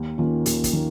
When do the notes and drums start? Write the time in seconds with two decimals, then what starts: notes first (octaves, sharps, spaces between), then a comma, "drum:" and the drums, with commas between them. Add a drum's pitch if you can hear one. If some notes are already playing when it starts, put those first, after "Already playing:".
Already playing: D#2
0.18 D#3 A#3 C#4 F4
0.46 D#2, drum: hi-hat
0.64 drum: kick, hi-hat
0.73 D#3 A#3